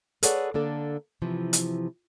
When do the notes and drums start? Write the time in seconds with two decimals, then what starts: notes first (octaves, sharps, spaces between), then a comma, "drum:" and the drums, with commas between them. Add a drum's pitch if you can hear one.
0.23 G#4 A4 B4 C#5 D5 F#5, drum: hi-hat
0.54 D3 A#3 D4 A4
1.22 C3 E3 F3
1.53 drum: hi-hat